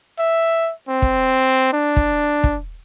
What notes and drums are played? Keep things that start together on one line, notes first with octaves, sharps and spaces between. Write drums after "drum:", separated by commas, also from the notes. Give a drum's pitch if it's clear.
E5
C4
drum: kick
D4
drum: kick
drum: kick